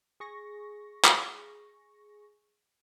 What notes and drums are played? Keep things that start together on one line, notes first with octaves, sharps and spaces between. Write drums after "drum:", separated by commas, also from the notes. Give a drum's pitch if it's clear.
G#4 C#6 A#6
drum: clap